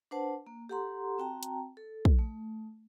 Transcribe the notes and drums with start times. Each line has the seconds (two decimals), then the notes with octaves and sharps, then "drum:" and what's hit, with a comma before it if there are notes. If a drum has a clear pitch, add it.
0.11 D4 B4 C5 F#5 A5
0.47 A#3
0.69 G4 A4 F#5 A#5 C6
1.18 C4 F#4 G5 A5 A#5
1.43 drum: hi-hat
1.77 A4
2.05 drum: kick
2.19 A3